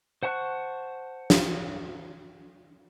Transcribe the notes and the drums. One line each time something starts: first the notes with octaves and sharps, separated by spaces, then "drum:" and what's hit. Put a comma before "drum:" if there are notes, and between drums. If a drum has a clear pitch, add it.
C5 F#5 A5 C#6 F#6
drum: snare